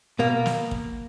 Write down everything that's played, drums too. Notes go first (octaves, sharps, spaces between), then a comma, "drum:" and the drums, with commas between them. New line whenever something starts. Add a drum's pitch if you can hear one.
B2 A#3
drum: snare
drum: kick